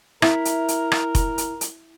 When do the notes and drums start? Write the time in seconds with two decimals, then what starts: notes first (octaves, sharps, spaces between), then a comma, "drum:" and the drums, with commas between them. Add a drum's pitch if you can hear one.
0.22 E4 A#4, drum: rim click
0.45 drum: hi-hat
0.68 drum: hi-hat
0.92 drum: rim click
1.15 drum: kick F1, hi-hat
1.38 drum: hi-hat
1.61 drum: hi-hat